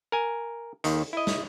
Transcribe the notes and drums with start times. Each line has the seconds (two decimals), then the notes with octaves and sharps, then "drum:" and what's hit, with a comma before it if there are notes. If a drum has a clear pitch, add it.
0.12 A#4 G#5
0.84 D#2 D#3, drum: hi-hat
1.13 E4 D#5
1.27 drum: snare